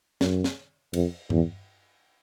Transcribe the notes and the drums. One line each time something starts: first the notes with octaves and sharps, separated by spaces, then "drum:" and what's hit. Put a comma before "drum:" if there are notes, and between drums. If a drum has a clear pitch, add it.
F#2, drum: snare
drum: snare
F2, drum: cymbal
E2, drum: tom G2